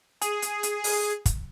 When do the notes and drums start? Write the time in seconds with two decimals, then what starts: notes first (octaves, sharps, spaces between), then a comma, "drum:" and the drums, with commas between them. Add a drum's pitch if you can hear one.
0.21 G#4, drum: hi-hat
0.42 drum: hi-hat
0.63 drum: hi-hat
0.84 drum: open hi-hat
1.26 drum: kick, hi-hat